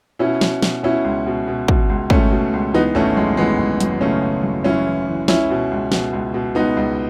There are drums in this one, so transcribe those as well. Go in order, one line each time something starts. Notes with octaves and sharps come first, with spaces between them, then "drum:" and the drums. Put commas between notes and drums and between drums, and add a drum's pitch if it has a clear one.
B2 C#4 E4
B2, drum: snare
B2, drum: snare
B2 C#4 E4
C#2
B2
B2
B2, drum: kick
C#2
C#2 A3 C#4, drum: kick
B2
C#2
E3 B3 D#4
G#1 A3 C#4
F#2 G#3
E3 G#3 B3
G#1
F#2, drum: hi-hat
C#3 A3 C#4
C#3
F#2
F#2 C#4 E4
E3
E3
C#2 C#4 E4, drum: snare
B2
C#2
B2, drum: snare
C#2
B2
C#2 B3 D#4
C#2